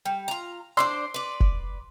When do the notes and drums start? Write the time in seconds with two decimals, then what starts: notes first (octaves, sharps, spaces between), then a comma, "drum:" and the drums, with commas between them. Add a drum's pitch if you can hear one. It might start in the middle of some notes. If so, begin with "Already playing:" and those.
0.05 G3
0.28 F4 A#5
0.77 D4 C5 D5 C6
1.14 B4 D5
1.40 drum: kick F1